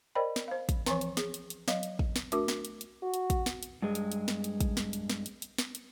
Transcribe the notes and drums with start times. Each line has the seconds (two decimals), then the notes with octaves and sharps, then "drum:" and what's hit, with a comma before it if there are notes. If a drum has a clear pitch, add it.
0.15 A#4 C5 D5 D#5 G5 B5
0.36 drum: snare
0.48 C5 F5
0.69 drum: kick, hi-hat
0.86 E3 F3 C4 C#5 C#6, drum: snare
1.01 drum: hi-hat
1.17 G#4, drum: snare
1.34 drum: hi-hat
1.50 drum: hi-hat
1.68 F#3 D#5 F5, drum: snare
1.83 drum: hi-hat
1.99 drum: kick
2.16 drum: snare
2.32 A3 D4 F#4 A#4 D6, drum: hi-hat
2.48 drum: snare
2.65 drum: hi-hat
2.81 drum: hi-hat
3.02 F#4
3.14 drum: hi-hat
3.30 drum: kick, hi-hat
3.46 drum: snare
3.63 drum: hi-hat
3.82 G2 G#3
3.95 drum: hi-hat
4.12 drum: hi-hat
4.28 drum: snare
4.44 drum: hi-hat
4.61 drum: kick, hi-hat
4.77 drum: snare
4.93 drum: hi-hat
5.09 drum: snare
5.26 drum: hi-hat
5.42 drum: hi-hat
5.58 drum: snare
5.75 drum: hi-hat